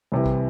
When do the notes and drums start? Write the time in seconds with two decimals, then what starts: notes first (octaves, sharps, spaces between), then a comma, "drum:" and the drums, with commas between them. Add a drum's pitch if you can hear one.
0.12 C2 C3 E3
0.26 drum: kick A#1